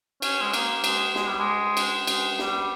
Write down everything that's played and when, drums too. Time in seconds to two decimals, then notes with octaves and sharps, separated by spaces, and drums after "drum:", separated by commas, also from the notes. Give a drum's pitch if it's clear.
0.22 C#4, drum: cymbal
0.42 G#3
0.54 A#3, drum: cymbal
0.84 G#3, drum: cymbal
1.15 G#3, drum: snare
1.27 G3
1.39 G#3
1.77 drum: cymbal
2.07 G#3, drum: cymbal
2.39 G3, drum: snare